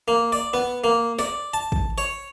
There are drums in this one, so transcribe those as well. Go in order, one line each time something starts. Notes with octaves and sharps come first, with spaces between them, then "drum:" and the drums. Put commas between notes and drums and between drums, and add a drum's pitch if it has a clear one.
A#3
D5
B3
A#3
D5, drum: snare
A5
drum: kick
C#5